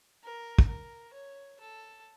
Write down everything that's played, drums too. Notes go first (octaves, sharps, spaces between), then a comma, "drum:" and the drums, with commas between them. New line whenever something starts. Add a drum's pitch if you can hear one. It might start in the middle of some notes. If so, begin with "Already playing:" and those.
A#4
drum: kick
A#4
C#5
A4